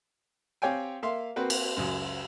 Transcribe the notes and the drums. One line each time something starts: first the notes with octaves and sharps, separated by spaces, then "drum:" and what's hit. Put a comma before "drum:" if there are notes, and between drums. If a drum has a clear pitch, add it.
C4 G4 C#5 F5 G5 G#5
A#3 E5 F5 C6
A#3 C4 F#4 B4 C5
drum: cymbal
C#2 F#2